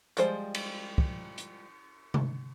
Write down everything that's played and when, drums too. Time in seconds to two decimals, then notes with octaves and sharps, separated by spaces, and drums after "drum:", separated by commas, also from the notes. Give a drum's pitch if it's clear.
0.17 F3 G3 G#3 C5, drum: hi-hat
0.55 drum: cymbal
0.98 drum: kick
1.38 drum: hi-hat
2.14 drum: tom C3